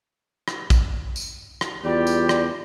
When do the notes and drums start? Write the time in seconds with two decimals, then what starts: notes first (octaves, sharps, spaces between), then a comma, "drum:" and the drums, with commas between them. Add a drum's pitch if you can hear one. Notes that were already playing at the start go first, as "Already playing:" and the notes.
0.48 drum: rim click
0.70 drum: kick, tambourine
1.16 drum: tambourine
1.61 drum: rim click
1.84 E2 G3 F4 G4 D5
2.07 drum: tambourine
2.29 drum: rim click